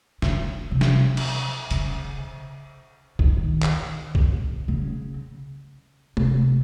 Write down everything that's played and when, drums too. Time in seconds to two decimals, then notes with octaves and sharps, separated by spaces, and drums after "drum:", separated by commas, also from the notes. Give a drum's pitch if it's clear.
0.22 C#3, drum: snare
0.71 C3
0.81 drum: snare
1.17 drum: cymbal
1.71 C#3, drum: hi-hat
3.19 D#3, drum: kick
3.62 drum: clap
4.15 drum: kick
4.68 C#3
6.17 C3, drum: tom G#3